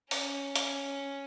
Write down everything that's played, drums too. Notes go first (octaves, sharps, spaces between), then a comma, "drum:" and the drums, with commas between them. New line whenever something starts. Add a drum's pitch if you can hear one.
C#4, drum: open hi-hat
drum: hi-hat